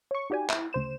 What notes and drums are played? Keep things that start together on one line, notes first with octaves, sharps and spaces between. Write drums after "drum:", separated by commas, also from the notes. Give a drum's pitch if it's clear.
C#5 C#6
D#4 F#4 G4 D5 G#5
E4, drum: clap
D2 C#3 C5 E7